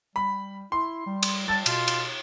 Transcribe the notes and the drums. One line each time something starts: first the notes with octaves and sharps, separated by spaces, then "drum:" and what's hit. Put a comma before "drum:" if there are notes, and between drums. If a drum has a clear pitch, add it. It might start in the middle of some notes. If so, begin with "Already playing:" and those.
G3 B5
E4 C6
G3
drum: cymbal
G3 A5 A6
B2 F4, drum: cymbal
drum: cymbal